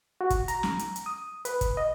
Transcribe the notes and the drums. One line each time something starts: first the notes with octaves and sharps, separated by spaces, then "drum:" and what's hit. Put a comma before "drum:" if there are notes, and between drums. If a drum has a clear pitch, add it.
F#4
drum: kick, hi-hat
A#5, drum: hi-hat
drum: snare
drum: hi-hat
drum: hi-hat
D#6
B4, drum: hi-hat
drum: kick, hi-hat
D#5